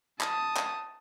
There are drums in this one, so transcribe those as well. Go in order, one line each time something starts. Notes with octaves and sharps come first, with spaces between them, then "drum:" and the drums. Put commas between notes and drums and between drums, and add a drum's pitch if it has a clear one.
A5 D#6, drum: clap
drum: clap